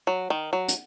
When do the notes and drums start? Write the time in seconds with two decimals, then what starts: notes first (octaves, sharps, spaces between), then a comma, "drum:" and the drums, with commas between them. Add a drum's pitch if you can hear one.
0.07 F#3
0.30 D#3
0.53 F#3
0.68 drum: hi-hat